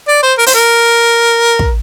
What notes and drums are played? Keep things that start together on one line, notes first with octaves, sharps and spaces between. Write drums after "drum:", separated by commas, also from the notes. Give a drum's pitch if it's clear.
D5
C5
A#4
C5, drum: open hi-hat
A#4
drum: kick